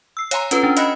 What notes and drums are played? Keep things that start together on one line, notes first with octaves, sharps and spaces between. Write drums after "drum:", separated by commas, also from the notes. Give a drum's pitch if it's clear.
E6 C7
C#5 F5 G#5 A#5 C6, drum: hi-hat
C#4 F4 A4 B4, drum: hi-hat
C#4 D4
D#5 F5 B5 F#6 A#6 C#7, drum: hi-hat